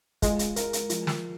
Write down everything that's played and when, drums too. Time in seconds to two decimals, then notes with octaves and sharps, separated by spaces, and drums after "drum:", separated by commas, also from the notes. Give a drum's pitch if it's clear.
0.22 G#3 F4, drum: kick, hi-hat
0.39 drum: hi-hat
0.56 A#4, drum: hi-hat
0.73 drum: hi-hat
0.90 F3, drum: hi-hat
1.07 drum: snare